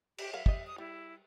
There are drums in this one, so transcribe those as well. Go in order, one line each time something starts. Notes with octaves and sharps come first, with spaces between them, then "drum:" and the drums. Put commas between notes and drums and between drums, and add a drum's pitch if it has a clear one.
G4, drum: cymbal
F#3 A#4 E5 F5
G3 D#5, drum: kick
D#6
G3 E4